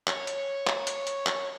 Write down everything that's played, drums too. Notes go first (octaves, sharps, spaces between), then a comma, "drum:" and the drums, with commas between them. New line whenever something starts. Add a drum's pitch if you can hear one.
C#5, drum: clap
drum: hi-hat
drum: clap
drum: hi-hat
drum: hi-hat
drum: clap